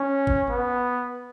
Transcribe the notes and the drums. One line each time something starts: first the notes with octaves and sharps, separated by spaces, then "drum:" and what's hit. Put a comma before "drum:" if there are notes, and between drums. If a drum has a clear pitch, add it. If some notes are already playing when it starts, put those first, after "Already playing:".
Already playing: C#4
drum: kick
B3